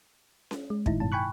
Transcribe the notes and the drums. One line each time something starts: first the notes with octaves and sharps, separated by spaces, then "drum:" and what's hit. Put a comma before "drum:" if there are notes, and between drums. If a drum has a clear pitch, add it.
drum: snare C#4
G#3
A2 D#3 D#4 E4, drum: kick
G2 B2 A5
G5 G#5 B5 C#6 F#6